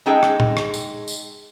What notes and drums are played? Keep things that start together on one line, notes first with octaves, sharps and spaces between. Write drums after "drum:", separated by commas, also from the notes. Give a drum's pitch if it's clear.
G#3 D#4 G#4 A4 G5
drum: rim click
drum: tom
drum: rim click
drum: tambourine
drum: tambourine